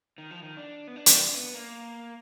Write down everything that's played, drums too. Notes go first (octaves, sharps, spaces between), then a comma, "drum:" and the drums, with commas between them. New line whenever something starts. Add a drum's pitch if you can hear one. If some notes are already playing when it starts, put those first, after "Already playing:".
D#3
F3
D#3
D4
B3
D4
drum: hi-hat
B3
A#3